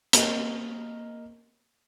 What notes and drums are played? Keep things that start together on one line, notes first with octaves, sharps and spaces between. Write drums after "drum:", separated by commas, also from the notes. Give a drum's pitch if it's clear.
A#3 A#4 D#5, drum: hi-hat